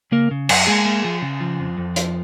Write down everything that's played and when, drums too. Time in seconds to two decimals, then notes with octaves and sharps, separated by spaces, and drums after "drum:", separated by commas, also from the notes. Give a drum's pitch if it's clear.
0.12 C#3 A#3 A#4
0.31 C#3
0.49 F#2, drum: cymbal
0.67 G#3 A#3 G#4
0.85 A#3
1.04 F3
1.22 C#3
1.41 F3
1.60 F2
1.78 F2
1.96 F3, drum: hi-hat